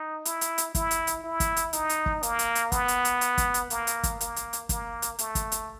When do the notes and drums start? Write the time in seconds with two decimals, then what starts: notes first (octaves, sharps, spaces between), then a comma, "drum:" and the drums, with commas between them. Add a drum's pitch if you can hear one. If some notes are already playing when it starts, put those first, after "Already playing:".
Already playing: D#4
0.25 E4, drum: hi-hat
0.41 drum: hi-hat
0.58 drum: hi-hat
0.75 E4, drum: kick, hi-hat
0.91 drum: hi-hat
1.07 drum: hi-hat
1.24 E4
1.40 drum: kick, hi-hat
1.57 drum: hi-hat
1.73 D#4, drum: hi-hat
1.89 drum: hi-hat
2.06 drum: kick
2.23 A#3, drum: hi-hat
2.39 drum: hi-hat
2.55 drum: hi-hat
2.72 B3, drum: kick, hi-hat
2.88 drum: hi-hat
3.05 drum: hi-hat
3.21 drum: hi-hat
3.38 drum: kick, hi-hat
3.54 drum: hi-hat
3.70 A#3, drum: hi-hat
3.87 drum: hi-hat
4.03 drum: kick, hi-hat
4.21 A#3, drum: hi-hat
4.36 drum: hi-hat
4.53 drum: hi-hat
4.69 A#3, drum: kick, hi-hat
5.02 drum: hi-hat
5.19 A3, drum: hi-hat
5.35 drum: kick, hi-hat
5.52 drum: hi-hat